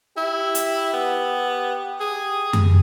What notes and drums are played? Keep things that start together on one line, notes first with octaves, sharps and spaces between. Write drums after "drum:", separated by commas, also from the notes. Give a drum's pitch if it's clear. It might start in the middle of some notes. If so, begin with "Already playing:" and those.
E4 G4
drum: hi-hat
B3
G#4
drum: tom F#2